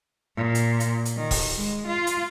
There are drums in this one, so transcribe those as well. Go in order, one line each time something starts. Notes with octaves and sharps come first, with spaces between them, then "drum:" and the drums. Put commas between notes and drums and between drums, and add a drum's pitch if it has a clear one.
A#2
drum: hi-hat
drum: hi-hat
drum: hi-hat
D#3
drum: kick, open hi-hat
G#3
F4
drum: hi-hat